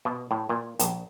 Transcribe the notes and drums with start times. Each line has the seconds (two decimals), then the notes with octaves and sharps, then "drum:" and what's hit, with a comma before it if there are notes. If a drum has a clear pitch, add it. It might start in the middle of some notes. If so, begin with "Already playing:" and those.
0.05 B2
0.31 A2
0.49 A#2
0.79 A#1, drum: hi-hat